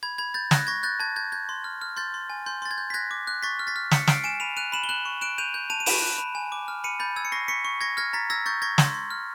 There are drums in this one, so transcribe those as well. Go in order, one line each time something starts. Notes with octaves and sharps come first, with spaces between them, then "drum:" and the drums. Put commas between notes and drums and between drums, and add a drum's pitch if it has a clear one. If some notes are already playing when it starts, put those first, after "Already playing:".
B5 G#6
B5 G#6
G6 A6
F#6 G#6 A#6, drum: snare
C#6 G#6 A#6
F#6 G6 A6
A5 G#6
G6 G#6
G6 G#6
C6
F6
F6
C6 G6 A6
C6
G#5
C6 G6
C6 A6
G#6
G6
B6
F#6 G#6 A#6
D6
F#6
C#6 A6 B6
F6
A6 B6
F6
F6 B6 C#7, drum: snare
F6 C7 D7, drum: snare
G#5 D7 E7
B5 D#7 F7
F#6 D#7 F7
B5 E7 F#7
G7
F#6 E7 F#7
C#6
F#6 D7 E7
G6 D#7 F7
G6
A5 D#7 F7
D#7
B5 D7 E7, drum: open hi-hat
F#6
B5
G#5
D6
F6
B5 C#7 D#7
B5 G6 A6
E6 G#6
C#7
C#6 A#6 C7
C#6 B6 C#7
C#6
C#6 G#6 A#6
F6 G#6 A#6
A#5 A6 B6
E6 G#6 A#6
C#6 G6 A6
C#6 G#6 A#6
C6 G#6, drum: snare
C6
F6